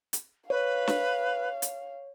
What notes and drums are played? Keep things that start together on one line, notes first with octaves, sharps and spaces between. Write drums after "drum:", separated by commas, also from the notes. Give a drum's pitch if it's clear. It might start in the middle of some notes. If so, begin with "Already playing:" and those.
drum: hi-hat
B4 C#5 F5
drum: snare
drum: hi-hat